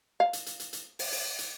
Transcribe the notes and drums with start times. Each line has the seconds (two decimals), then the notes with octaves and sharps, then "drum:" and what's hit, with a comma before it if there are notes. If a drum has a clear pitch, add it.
0.20 F5
0.33 drum: hi-hat
0.46 drum: hi-hat
0.60 drum: hi-hat
0.73 drum: hi-hat
0.99 drum: open hi-hat
1.12 drum: open hi-hat
1.39 drum: hi-hat